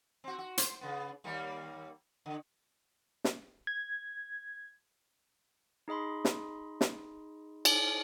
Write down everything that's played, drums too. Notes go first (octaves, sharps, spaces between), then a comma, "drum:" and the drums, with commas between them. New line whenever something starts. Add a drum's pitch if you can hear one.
C4 F#4
F#4
C5, drum: hi-hat
C#3 B3
D#2 G3 A#3
D3
drum: snare
G#6
D#4 G#4 D#5 B5 C6
drum: snare
drum: snare
drum: cymbal